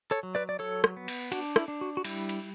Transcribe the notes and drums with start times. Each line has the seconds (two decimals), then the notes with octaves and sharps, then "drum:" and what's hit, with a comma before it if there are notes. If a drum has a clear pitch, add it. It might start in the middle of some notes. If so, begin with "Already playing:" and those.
0.11 A4 C#5
0.23 F#3
0.35 B4 D5
0.49 D5
0.59 F#3 A4 C#5
0.84 drum: rim click
0.97 B3
1.08 drum: cymbal
1.32 D4 F#4, drum: cymbal
1.56 E4, drum: rim click
1.68 D4
1.81 F#4
1.97 F#4
2.04 G3 E4, drum: cymbal
2.29 drum: cymbal